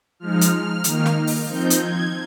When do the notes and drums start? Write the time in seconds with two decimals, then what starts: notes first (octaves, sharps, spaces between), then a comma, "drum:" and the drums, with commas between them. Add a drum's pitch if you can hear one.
0.20 F3 G#3 D#4 F6
0.41 drum: hi-hat
0.84 D#3 A#3 D#4, drum: hi-hat
1.06 drum: snare
1.27 drum: open hi-hat
1.49 F3 C4 D#4 G6
1.70 drum: hi-hat
1.81 G#6